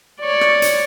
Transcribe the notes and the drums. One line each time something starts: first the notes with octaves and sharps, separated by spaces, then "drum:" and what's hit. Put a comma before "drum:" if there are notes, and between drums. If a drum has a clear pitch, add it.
C#5 D5
drum: rim click
drum: hi-hat